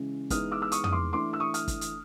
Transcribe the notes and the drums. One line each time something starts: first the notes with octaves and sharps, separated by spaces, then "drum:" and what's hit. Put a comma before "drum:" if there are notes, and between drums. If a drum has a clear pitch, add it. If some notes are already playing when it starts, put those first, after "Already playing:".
Already playing: C#3 E3 G#3 C#4
E3 G#3 B3 D#4 D#6 F6, drum: kick, hi-hat
D6 E6
E6
C#6 D#6, drum: hi-hat
D#6, drum: tom
C6 D6
E3 A3 D4 C6 D6
E6
C#6 D#6
D#6 F6, drum: hi-hat
drum: kick, hi-hat
drum: hi-hat